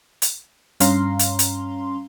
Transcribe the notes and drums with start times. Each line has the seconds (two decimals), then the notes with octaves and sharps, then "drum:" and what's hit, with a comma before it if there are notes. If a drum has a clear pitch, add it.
0.22 drum: hi-hat
0.80 G2 C#4 F5 A#5 C6, drum: hi-hat
1.19 drum: hi-hat
1.39 drum: hi-hat